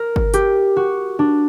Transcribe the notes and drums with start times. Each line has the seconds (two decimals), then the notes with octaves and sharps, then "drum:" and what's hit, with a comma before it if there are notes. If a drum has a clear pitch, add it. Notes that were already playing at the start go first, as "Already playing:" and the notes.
Already playing: A#4
0.16 drum: kick G1
0.34 G4, drum: hi-hat
0.76 F#4
1.19 D4